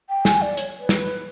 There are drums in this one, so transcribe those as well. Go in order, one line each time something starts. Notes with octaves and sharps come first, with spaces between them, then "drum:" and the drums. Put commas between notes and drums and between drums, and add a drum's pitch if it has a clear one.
G5
G#5, drum: snare
D5
C#5, drum: hi-hat
B4
drum: snare